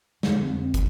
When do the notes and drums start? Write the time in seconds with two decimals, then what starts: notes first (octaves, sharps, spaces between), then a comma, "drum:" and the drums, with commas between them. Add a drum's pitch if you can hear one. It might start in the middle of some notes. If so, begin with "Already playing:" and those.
0.23 F2 D3 G#3, drum: snare
0.42 C4
0.62 C4
0.74 drum: kick, hi-hat